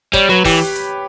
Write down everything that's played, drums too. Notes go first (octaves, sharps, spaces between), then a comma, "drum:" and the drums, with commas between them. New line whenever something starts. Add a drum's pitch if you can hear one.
G3 C#5, drum: kick, hi-hat
F#3 B4
E3 G4, drum: kick, open hi-hat
drum: hi-hat